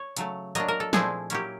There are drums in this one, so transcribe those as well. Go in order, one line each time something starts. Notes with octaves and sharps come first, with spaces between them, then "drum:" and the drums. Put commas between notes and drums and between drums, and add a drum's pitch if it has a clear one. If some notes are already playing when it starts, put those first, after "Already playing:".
Already playing: C#5
C#3 F#3 A3, drum: hi-hat
F#3 A#3 D4 D#5, drum: hi-hat
A#4
A4
A#2 F3 A3 C4 E4 G#4, drum: snare
F#3 A#3 C#4 E4 G4, drum: hi-hat